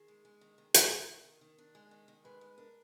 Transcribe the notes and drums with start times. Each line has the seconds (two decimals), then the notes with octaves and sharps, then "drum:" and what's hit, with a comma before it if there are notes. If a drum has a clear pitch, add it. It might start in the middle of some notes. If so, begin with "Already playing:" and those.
Already playing: D#3 G#4
0.08 G#3
0.25 G#3
0.41 D#3
0.58 D#3
0.74 D#3, drum: hi-hat
0.91 D#3 A#4
1.09 D#3
1.24 D#3
1.41 D#3
1.58 D4
1.75 G#3
1.91 D#3
2.08 D#3
2.25 G#3 B4
2.41 G#3
2.58 D4 A#4